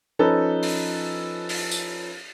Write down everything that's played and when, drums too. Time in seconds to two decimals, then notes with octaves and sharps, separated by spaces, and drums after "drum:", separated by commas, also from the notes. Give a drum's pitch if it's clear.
0.19 F3 C#4 D#4 A4 B4
0.63 drum: open hi-hat
1.49 drum: open hi-hat
1.71 drum: tambourine